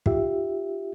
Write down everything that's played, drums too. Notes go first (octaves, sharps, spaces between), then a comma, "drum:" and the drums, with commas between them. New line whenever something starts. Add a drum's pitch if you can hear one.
D#4 F4 G4 E5, drum: kick